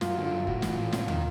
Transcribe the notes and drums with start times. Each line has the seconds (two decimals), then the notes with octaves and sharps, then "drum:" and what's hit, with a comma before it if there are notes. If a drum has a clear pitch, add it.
0.01 F#2 F4, drum: snare
0.13 D3 F#4
0.25 F4
0.32 F#2
0.47 A2 F#4, drum: kick F#1
0.62 E3, drum: snare
0.70 F4
0.78 A2
0.93 C3 F4, drum: snare
1.08 D#3, drum: tom